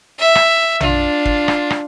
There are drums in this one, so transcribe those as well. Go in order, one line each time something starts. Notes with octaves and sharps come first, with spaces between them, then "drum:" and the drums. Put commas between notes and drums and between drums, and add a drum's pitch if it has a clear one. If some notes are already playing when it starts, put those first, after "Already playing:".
E5
drum: rim click
D4 F4, drum: tom A#1
drum: kick
drum: rim click
drum: rim click